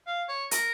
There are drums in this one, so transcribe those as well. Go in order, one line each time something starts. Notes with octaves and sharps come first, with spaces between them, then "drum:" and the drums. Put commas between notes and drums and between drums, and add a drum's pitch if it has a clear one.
F5
C#5
A#4, drum: hi-hat